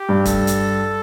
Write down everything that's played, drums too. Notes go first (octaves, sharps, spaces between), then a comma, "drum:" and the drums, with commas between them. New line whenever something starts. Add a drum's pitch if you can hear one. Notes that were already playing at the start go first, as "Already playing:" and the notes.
Already playing: G4
G2
A4, drum: kick, hi-hat
drum: hi-hat